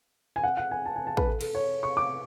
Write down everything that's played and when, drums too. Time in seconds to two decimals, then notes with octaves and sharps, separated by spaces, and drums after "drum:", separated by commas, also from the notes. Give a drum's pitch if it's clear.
0.36 G#5
0.44 F#5
0.57 F#5
0.71 G#5
0.86 A5
0.96 G#5
1.07 A5
1.17 B4, drum: kick
1.27 A4
1.41 A4, drum: cymbal
1.55 C#5
1.83 C#6
1.97 D6